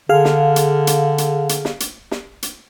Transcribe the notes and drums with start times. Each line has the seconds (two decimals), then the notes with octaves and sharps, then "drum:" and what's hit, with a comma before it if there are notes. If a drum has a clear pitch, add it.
0.09 D3 G#4 F5
0.25 drum: snare
0.56 drum: hi-hat
0.87 drum: hi-hat
1.18 drum: hi-hat
1.49 drum: hi-hat
1.65 drum: snare
1.80 drum: hi-hat
2.11 drum: snare
2.43 drum: hi-hat